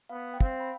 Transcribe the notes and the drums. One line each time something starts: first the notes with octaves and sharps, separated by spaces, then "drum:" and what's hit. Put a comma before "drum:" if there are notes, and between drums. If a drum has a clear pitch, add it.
B3 F5
G5
C4 F5, drum: kick
G5
B5